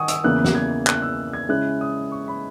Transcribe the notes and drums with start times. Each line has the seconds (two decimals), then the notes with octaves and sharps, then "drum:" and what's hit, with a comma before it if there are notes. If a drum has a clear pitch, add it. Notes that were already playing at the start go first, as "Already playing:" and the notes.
Already playing: D#3 F#5 G#5 C#6 D#6
0.08 E6, drum: hi-hat
0.24 E2 C#3 E3 A#3 F#6
0.45 drum: snare
0.55 G#6
0.87 F#6, drum: clap
1.02 E6
1.33 G#6
1.49 C#3 G#3 C#4 E4 F#6
1.81 D#6
2.12 C#6
2.28 B5